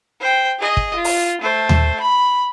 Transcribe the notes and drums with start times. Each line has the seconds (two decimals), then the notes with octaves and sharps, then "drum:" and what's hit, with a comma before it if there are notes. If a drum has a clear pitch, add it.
0.20 C5 G5
0.59 G#4 D#5
0.77 drum: kick
0.95 F4
1.04 drum: open hi-hat
1.41 A3 C5
1.69 drum: tom D#2
2.00 B5